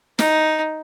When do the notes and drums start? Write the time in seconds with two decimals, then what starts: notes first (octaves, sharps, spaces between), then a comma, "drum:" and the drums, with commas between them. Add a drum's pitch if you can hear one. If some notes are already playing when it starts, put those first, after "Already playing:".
0.19 D#4, drum: snare